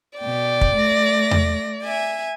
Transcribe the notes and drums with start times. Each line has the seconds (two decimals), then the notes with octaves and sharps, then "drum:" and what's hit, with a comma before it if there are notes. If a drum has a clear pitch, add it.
0.19 B2 D5 G5
0.61 drum: kick
0.74 A3 A#6
1.31 drum: tom E2
1.84 E5 G#5